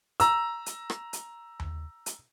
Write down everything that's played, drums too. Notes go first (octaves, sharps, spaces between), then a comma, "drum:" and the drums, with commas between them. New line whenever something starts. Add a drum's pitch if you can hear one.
A#5 E6, drum: hi-hat
drum: hi-hat
drum: rim click
drum: hi-hat
drum: tom D#2
drum: hi-hat